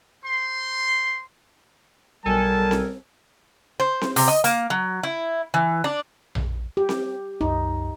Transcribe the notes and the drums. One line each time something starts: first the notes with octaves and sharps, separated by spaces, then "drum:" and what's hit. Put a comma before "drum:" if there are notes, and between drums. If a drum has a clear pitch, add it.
C5 C6
B1 G3 A4 A#4 G#5 A5
drum: snare C4
C5
drum: snare C4
C3, drum: open hi-hat
D#5
A#3, drum: hi-hat
F#3
E4
E3
D4
drum: tom A#1
G4
drum: snare C4
C2 F#2 D#4